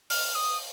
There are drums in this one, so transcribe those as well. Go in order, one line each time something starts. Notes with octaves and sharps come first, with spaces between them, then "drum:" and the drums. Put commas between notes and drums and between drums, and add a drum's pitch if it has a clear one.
F6, drum: open hi-hat
D#6